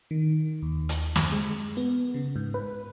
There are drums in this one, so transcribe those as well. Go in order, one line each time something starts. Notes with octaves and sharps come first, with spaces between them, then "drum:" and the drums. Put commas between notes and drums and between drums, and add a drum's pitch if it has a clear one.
D#3
D#2
drum: hi-hat
F#2, drum: snare
G#3
B3
C#3
G#2
B4